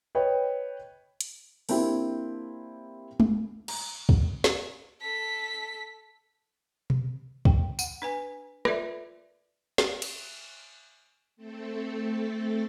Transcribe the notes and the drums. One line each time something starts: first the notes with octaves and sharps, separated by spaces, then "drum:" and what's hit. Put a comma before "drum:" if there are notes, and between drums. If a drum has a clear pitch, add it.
B4 C#5 D#5 G5
drum: hi-hat
A#3 C4 D4 E4 G4, drum: open hi-hat
drum: tom
A#5, drum: cymbal
drum: kick
drum: snare
A4 B6
drum: tom B2
G5, drum: kick
F#5, drum: tambourine
D4 B4 G#5
F4 A4 B4 D5 E5, drum: rim click
drum: snare
drum: cymbal
A3 C4 A4